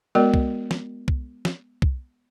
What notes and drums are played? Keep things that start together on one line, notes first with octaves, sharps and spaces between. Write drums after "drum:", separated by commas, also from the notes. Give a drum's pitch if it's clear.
G#3 B3 F#4 A#4 D5
drum: kick
drum: snare
drum: kick
drum: snare
drum: kick